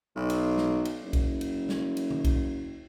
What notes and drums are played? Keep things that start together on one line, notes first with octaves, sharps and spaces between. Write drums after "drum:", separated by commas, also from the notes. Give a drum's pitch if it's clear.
B1
drum: cymbal
drum: snare
drum: cymbal
F#1
drum: kick B1, cymbal
drum: cymbal
drum: snare
drum: cymbal
drum: tom D3
drum: kick B1, cymbal